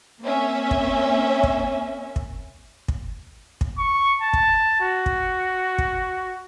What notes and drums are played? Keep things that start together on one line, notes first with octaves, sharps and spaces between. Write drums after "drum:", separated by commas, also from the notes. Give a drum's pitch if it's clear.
A#3 C4 C#4 E5
drum: kick
drum: kick
drum: kick
drum: kick
drum: kick
C#6
A5
drum: kick
F#4
drum: kick
drum: kick